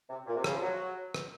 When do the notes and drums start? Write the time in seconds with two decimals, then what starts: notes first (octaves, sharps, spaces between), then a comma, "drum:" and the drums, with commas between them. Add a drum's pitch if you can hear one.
0.09 C3
0.26 A#2
0.35 C3
0.44 C#3, drum: rim click
0.53 F3
0.62 F#3
1.14 drum: rim click